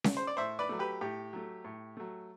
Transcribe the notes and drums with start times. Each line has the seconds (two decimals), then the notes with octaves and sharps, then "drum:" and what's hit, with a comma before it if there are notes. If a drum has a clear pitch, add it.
0.04 drum: snare C#4
0.17 C5
0.27 D5
0.37 A2 C5 E5
0.59 B4 D5
0.69 F#3 A3
0.79 G4 B4
1.01 A2 G4
1.33 F#3 A3
1.65 A2
1.97 F#3 A3